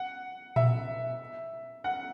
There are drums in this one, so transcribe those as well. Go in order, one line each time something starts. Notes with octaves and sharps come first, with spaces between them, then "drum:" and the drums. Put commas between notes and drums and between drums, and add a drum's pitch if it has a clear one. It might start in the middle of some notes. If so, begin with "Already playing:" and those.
Already playing: F#5
E5, drum: tom A#2
F#5